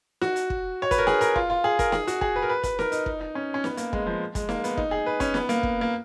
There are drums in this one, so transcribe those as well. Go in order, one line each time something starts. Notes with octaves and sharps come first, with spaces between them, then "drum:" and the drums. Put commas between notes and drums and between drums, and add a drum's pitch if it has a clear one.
F#4, drum: snare
drum: hi-hat
drum: kick
C#5
B4, drum: kick, hi-hat
A#4
G#4, drum: snare
A#4, drum: hi-hat
F4, drum: kick
F4
G#4
A#4, drum: kick, hi-hat
G#4, drum: snare
F#4, drum: hi-hat
G#4, drum: kick
B4
A#4
B4
B4, drum: kick, hi-hat
A#4, drum: snare
D#4, drum: hi-hat
D#4, drum: kick
D#4
C#4
C#4
B3, drum: snare
A#3, drum: hi-hat
G#3, drum: kick
F3
G#3, drum: kick, hi-hat
A#3, drum: snare
B3, drum: hi-hat
D#4, drum: kick
G#4
B4
C#4, drum: kick, hi-hat
B3, drum: snare
A#3, drum: hi-hat
drum: kick
A#3